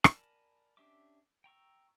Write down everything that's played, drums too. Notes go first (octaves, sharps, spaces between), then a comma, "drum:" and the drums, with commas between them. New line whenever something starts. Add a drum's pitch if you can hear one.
A#4 D5 G#5 A5 B5, drum: rim click
C#4 D4 G4 E5 D6
G5 A#5 C#6 E6